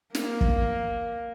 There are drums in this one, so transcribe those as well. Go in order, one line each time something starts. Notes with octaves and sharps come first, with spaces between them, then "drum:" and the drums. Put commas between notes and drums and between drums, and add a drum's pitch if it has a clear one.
A#3, drum: snare
drum: kick